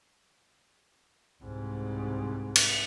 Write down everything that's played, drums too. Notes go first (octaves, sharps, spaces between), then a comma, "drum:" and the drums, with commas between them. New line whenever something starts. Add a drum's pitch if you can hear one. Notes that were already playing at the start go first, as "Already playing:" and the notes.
C2 G#2
drum: cymbal